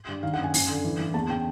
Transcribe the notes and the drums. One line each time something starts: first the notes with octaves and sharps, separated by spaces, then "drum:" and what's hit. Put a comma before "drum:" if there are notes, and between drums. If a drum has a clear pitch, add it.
G2
D#3 F5
F#5
F#2
G#5
F#2, drum: open hi-hat
D3
E3
E3
E2 A5
C#3 G5